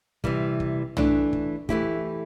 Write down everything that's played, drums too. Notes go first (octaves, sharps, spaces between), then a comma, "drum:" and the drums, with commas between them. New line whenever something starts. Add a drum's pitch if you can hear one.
C3 E3 G3, drum: kick
drum: kick
E3 A3 D4, drum: tom
drum: kick
E3 A3 E4 G4, drum: kick